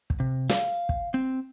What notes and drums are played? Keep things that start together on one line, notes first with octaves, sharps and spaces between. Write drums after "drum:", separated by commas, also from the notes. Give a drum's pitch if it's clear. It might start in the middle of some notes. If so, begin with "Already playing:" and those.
drum: kick
C3
F5, drum: snare
drum: kick
C4